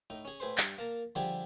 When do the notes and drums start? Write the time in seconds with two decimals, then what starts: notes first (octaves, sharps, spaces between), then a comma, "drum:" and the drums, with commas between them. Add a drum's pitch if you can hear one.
0.10 A2 D#4
0.25 C#4 G#4
0.40 A2 G#4 B4 C5 C6
0.58 G2, drum: clap
0.78 A#3 A#4 A5
1.15 D3 F3 G3 G4 G#4